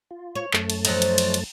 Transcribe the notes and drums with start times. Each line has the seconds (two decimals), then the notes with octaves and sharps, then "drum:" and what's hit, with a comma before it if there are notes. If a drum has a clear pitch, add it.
0.11 F4
0.35 C#5
0.53 F#2 A3 A5, drum: clap
0.70 drum: cymbal
0.85 F3 F#3 D#4, drum: cymbal
1.02 drum: cymbal
1.18 drum: cymbal
1.34 drum: cymbal